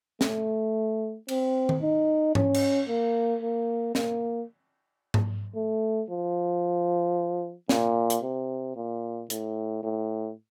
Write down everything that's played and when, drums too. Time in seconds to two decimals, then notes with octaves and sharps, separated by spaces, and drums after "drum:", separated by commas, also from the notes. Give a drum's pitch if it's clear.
0.21 A3, drum: snare
1.29 C4, drum: cymbal
1.69 drum: tom D#3
1.82 D#4
2.35 C#4, drum: tom G#2
2.54 drum: cymbal
2.88 A#3
3.42 A#3
3.95 A#3, drum: snare
5.14 drum: tom G#2
5.55 A3
6.09 F3
7.69 A#2, drum: snare
8.10 drum: hi-hat
8.23 C3
8.76 A#2
9.30 A2, drum: hi-hat
9.83 A2